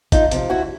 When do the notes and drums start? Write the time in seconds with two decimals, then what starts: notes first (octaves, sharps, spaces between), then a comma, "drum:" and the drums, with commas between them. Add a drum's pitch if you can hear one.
0.12 D2 D#4 F4, drum: kick, hi-hat
0.31 C3 F3, drum: hi-hat
0.49 D2 E4 F#4